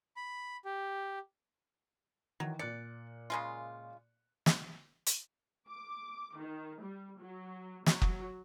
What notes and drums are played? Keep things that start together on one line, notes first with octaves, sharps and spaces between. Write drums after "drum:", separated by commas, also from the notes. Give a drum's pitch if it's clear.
B5
G4
D#3 E3 F#3
A#2 D5 F#6 C#7
C#3 G#3 F4
drum: snare
drum: hi-hat
D6
D#3
G3
F#3
F#3, drum: snare
drum: kick